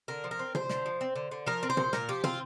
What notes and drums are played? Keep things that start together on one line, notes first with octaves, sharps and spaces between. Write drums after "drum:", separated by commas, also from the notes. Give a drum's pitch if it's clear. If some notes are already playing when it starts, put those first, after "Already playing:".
D3 A#4
F3
A#4
C4
D3 C5, drum: tom
D3, drum: snare
F3
C4
D3
D3
F3 A#4
C4
C5
A#2, drum: tom
A#2 A#4, drum: snare
F3 G4
C4 F4, drum: tom